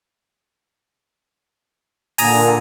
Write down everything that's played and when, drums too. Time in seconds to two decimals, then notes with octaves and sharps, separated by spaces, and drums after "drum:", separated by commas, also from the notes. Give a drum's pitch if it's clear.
2.18 A#2 D3 G#5 A#5 D#6, drum: open hi-hat